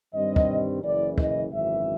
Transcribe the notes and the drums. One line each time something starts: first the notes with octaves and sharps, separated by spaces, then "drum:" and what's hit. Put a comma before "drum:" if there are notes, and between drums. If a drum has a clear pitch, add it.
G2 D#3 G3 C4 D#5
drum: kick
F#1 F#2 C#3 E3 D5
D#5, drum: kick
G#1 F#2 C#3 E3 E5